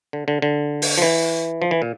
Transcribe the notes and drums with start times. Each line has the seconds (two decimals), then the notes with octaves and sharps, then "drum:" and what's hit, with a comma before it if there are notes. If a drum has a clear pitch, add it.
0.13 D3
0.28 D3
0.42 D3
0.82 drum: open hi-hat
0.98 F3
1.02 E3
1.62 F3
1.71 E3
1.82 A#2